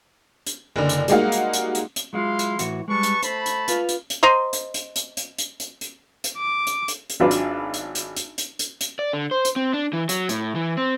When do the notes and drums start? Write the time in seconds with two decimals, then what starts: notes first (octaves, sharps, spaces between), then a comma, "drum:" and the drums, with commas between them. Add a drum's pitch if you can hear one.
0.47 drum: hi-hat
0.76 F#1 D3
0.89 drum: hi-hat
1.08 G3 G#3 A#3 D#4 F#4 F5, drum: hi-hat
1.32 drum: hi-hat
1.53 drum: hi-hat
1.75 drum: hi-hat
1.96 drum: hi-hat
2.13 F#3 G#3 E4 F4 F5 C6
2.39 drum: hi-hat
2.59 A2 E3 F#4, drum: hi-hat
2.88 G3 G#3 B4 A5 C#6
3.03 drum: hi-hat
3.23 A3 C5 A5 B5, drum: hi-hat
3.46 drum: hi-hat
3.68 F4 B4, drum: hi-hat
3.89 drum: hi-hat
4.10 drum: hi-hat
4.23 C5 D#5 A#5 C6
4.53 drum: hi-hat
4.74 drum: hi-hat
4.96 drum: hi-hat
5.17 drum: hi-hat
5.38 drum: hi-hat
5.60 drum: hi-hat
5.81 drum: hi-hat
6.24 drum: hi-hat
6.38 D6
6.67 drum: hi-hat
6.88 drum: hi-hat
7.10 drum: hi-hat
7.20 G#1 F#3 D4 F4 B4
7.31 drum: hi-hat
7.74 drum: hi-hat
7.95 drum: hi-hat
8.17 drum: hi-hat
8.38 drum: hi-hat
8.59 drum: hi-hat
8.81 drum: hi-hat
8.99 D5
9.13 D3
9.31 C5
9.45 drum: hi-hat
9.56 C4
9.74 D4
9.93 E3
10.09 F#3, drum: hi-hat
10.29 A2, drum: hi-hat
10.55 E3
10.77 C4